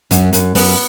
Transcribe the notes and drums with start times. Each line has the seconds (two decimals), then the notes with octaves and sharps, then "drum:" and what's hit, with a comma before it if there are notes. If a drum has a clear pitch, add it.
0.11 F#2, drum: kick, hi-hat
0.33 F#2, drum: hi-hat
0.55 F#2 B3, drum: open hi-hat